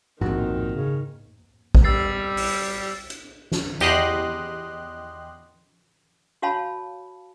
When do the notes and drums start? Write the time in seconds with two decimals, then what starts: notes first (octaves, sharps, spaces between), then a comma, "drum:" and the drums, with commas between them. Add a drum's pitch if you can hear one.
0.21 A#1 D#3 C4 F#4, drum: tom G#2
0.72 C#3
1.75 drum: kick
1.84 G3 E6 A6 C7
2.37 drum: open hi-hat
3.10 drum: hi-hat
3.52 drum: snare
3.80 E2 G4 D#5 C6 F#6, drum: tambourine
6.42 F#4 C#5 F5 A5 B5